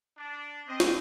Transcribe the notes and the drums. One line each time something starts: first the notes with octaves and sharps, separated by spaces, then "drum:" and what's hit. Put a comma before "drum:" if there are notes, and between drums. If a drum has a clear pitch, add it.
D4
C4 C5 D#5
drum: snare